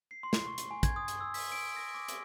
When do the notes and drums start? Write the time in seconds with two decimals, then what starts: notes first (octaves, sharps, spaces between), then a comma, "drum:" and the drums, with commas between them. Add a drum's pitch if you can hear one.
0.11 C7
0.23 C6
0.33 drum: snare
0.47 C#6
0.58 drum: hi-hat
0.71 G#5
0.83 G#6, drum: kick, hi-hat
0.96 D#6
1.08 drum: hi-hat
1.21 E6
1.34 B6, drum: open hi-hat
1.52 D7
1.76 A#6
1.95 D6
2.09 drum: hi-hat